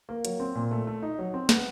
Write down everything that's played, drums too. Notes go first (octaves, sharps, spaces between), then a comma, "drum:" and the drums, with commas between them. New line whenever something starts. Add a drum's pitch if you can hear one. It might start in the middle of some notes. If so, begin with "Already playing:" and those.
A#3
F#3, drum: hi-hat
C4
A#2
A3
A3
D#4
F#3
C4
B3, drum: snare